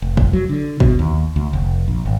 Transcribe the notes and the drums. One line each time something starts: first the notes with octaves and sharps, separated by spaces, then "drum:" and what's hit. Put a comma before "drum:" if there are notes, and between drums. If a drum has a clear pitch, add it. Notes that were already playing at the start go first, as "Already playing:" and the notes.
F1
drum: kick
F#3
D3
B2, drum: kick
D#2
D2
F1
A#1
G#1